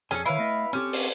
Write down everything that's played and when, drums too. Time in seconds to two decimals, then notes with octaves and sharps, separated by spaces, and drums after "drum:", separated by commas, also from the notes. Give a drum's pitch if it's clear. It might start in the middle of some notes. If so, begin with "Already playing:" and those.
0.11 F2 C#4 G#4 A4 G#5
0.26 D#3 E4 B4 C#5 F5 B5
0.38 A3 B3 D#5
0.73 C4 C#4 G4 A4
0.93 drum: open hi-hat